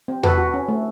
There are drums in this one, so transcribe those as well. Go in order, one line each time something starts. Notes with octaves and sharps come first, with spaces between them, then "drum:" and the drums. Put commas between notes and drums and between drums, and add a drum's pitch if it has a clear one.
C4
F#4 A4 B4, drum: tom E2
F#4
C#4
A3